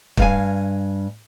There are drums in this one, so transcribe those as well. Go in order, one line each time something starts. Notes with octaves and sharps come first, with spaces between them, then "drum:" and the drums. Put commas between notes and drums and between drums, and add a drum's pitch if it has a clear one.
G2 F5 G#5, drum: kick